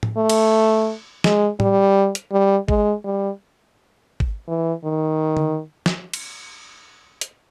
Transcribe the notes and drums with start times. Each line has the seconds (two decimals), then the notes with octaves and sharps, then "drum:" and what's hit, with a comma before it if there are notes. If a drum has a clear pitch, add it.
0.03 drum: tom A2
0.17 A3
0.30 drum: cymbal
1.24 G#3, drum: snare
1.60 G3, drum: tom A2
2.15 drum: hi-hat
2.32 G3
2.68 G#3, drum: kick G#1
3.04 G3
4.20 drum: kick G#1
4.48 E3
4.84 D#3
5.37 drum: tom D3
5.86 drum: snare
6.13 drum: cymbal
7.21 drum: hi-hat